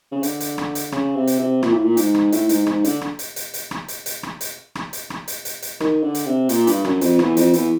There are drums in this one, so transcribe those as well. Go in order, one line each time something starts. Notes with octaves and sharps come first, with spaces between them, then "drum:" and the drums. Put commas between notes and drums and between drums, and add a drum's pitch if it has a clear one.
C#3
D3, drum: hi-hat
drum: hi-hat
drum: rim click
drum: hi-hat
C#3, drum: rim click
C3
drum: hi-hat
C3
A#2, drum: rim click
A2
A#2
G#2, drum: hi-hat
drum: rim click
A2, drum: hi-hat
G#2, drum: hi-hat
G#2, drum: rim click
D3, drum: hi-hat
drum: rim click
drum: hi-hat
drum: hi-hat
drum: hi-hat
drum: rim click
drum: hi-hat
drum: hi-hat
drum: rim click
drum: hi-hat
drum: rim click
drum: hi-hat
drum: rim click
drum: hi-hat
drum: hi-hat
drum: hi-hat
D#3, drum: rim click
D3
drum: hi-hat
C3
A#2, drum: hi-hat
G2, drum: hi-hat
F#2, drum: rim click
F2, drum: hi-hat
E2, drum: rim click
F2, drum: hi-hat
E2, drum: hi-hat